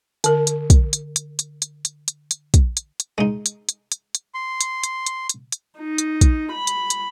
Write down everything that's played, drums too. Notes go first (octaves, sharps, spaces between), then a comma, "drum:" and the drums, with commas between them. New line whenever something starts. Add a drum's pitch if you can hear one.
D3 A#4, drum: hi-hat
drum: hi-hat
drum: kick, hi-hat
drum: hi-hat
drum: hi-hat
drum: hi-hat
drum: hi-hat
drum: hi-hat
drum: hi-hat
drum: hi-hat
drum: kick, hi-hat
drum: hi-hat
drum: hi-hat
G#3 D#4
drum: hi-hat
drum: hi-hat
drum: hi-hat
drum: hi-hat
C6
drum: hi-hat
drum: hi-hat
drum: hi-hat
drum: hi-hat
drum: hi-hat
D#4
drum: hi-hat
drum: kick, hi-hat
B5
drum: hi-hat
drum: hi-hat